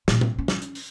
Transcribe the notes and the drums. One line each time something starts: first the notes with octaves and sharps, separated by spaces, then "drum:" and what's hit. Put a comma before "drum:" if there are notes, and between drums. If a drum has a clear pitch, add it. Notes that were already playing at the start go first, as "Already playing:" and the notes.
A#2, drum: snare
drum: tom
C#4
drum: snare
drum: hi-hat
drum: open hi-hat